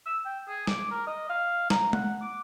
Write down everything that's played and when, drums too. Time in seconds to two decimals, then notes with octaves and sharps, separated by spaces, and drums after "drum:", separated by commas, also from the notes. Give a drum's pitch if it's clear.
0.06 E6
0.25 G5
0.48 G#4
0.67 D6, drum: snare
0.91 A#4
1.07 D#5
1.29 F5
1.70 A#5, drum: snare
1.93 F#5, drum: tom G#3
2.21 D6